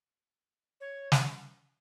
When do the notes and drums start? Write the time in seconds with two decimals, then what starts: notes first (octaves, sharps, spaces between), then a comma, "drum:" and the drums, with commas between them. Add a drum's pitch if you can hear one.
0.81 C#5
1.12 drum: snare